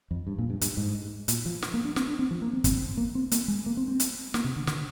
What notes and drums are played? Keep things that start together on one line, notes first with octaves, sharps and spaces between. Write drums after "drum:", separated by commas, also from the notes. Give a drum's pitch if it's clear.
F2
G2
A#2
G2
G2, drum: hi-hat
G#2
A#2, drum: hi-hat
F3
drum: snare
A#3
D4
C4, drum: snare
D4
C4
F3
A#3
C4
C4, drum: kick, hi-hat
A#3
C4
A#3, drum: hi-hat
G#3
A#3
C4
C4
drum: hi-hat
A#3, drum: snare
C3
D3
D3, drum: snare